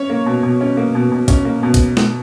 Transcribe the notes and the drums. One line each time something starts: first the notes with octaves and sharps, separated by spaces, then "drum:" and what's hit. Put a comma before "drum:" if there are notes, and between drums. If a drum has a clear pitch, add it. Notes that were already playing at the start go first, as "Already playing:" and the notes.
Already playing: C#4 C#5
A#3
B2
B2
C#4
A#3
B2
B2
C#4, drum: kick A#1, hi-hat
A#3
B2
drum: kick A#1, hi-hat
drum: snare